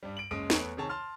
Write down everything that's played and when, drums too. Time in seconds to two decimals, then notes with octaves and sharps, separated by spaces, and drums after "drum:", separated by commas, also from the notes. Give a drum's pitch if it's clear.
0.03 G2 G3
0.17 D7 F#7
0.31 F#1 G#3 C#4 D#6 D7
0.50 E2 A3 B4 C#5 C#6 D7, drum: snare
0.77 C3 D#3 G#4 C#5 A5
0.89 A5 C6 F6